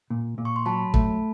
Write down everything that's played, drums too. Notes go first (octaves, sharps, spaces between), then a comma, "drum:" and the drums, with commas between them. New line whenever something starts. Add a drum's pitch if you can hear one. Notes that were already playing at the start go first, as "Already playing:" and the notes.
A#2
A#2
C#6
C6
F#3 A5 B5
A3, drum: kick